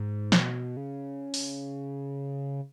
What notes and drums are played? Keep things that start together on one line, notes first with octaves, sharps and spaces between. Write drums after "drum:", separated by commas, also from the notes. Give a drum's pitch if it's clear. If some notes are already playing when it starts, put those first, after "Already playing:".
Already playing: G#2
B2, drum: snare
C#3
drum: open hi-hat